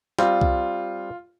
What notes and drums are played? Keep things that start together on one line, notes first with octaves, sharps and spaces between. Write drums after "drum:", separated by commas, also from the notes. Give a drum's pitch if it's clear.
G3 C4 F4, drum: snare
drum: kick C2